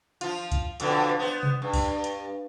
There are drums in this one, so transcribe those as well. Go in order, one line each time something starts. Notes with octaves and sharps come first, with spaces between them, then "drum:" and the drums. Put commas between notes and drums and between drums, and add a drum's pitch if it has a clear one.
F3 F4, drum: hi-hat
drum: kick, hi-hat
F2 B2 D3, drum: hi-hat
B3 C5
drum: tom C3
G2
drum: kick, open hi-hat
drum: hi-hat